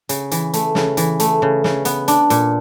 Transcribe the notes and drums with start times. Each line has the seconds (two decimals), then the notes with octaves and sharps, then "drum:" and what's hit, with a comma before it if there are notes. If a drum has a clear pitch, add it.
0.09 C#3, drum: hi-hat
0.31 E3, drum: hi-hat
0.53 A3, drum: hi-hat
0.75 C#3, drum: snare
0.97 E3, drum: hi-hat
1.20 A3, drum: hi-hat
1.42 C#3
1.64 C#3, drum: snare
1.85 B3, drum: hi-hat
2.08 D4, drum: hi-hat
2.30 A#2, drum: hi-hat